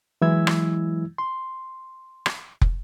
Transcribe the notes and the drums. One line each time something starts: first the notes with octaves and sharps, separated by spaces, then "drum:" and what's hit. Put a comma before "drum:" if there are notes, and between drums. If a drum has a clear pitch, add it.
E3 F#3 G#3 E4 E6 G#6
drum: rim click
C6
drum: rim click
drum: kick